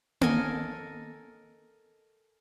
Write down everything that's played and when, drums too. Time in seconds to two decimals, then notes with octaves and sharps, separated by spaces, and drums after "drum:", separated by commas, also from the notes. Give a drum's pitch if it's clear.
0.21 A4 A#4 D#5 G#5, drum: tom A#3